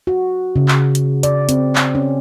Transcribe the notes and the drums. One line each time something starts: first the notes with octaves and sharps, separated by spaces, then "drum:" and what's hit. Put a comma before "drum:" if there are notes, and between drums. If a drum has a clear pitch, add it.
F#4
C#3
drum: clap
drum: hi-hat
D5, drum: hi-hat
C4, drum: hi-hat
drum: clap
C#4